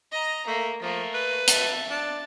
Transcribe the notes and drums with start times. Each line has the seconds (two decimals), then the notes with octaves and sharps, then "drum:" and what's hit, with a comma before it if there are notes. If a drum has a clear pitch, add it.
0.12 D#5 A#5
0.47 A3 A#3
0.82 F3 A3 A#3
1.14 B4
1.48 E5 A5, drum: hi-hat
1.90 D4 A5